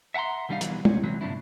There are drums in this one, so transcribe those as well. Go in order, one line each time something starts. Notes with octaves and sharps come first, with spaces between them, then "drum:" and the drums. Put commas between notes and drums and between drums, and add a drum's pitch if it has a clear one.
E5 F#5 G5 A#5 C6
C2 D#3 G3 D4 D#4 F5
B2 D#3 E3 F#3 G3, drum: hi-hat
C3 C#4, drum: tom
C3 E3 F#3
G2 A#2 C#3 D4 E4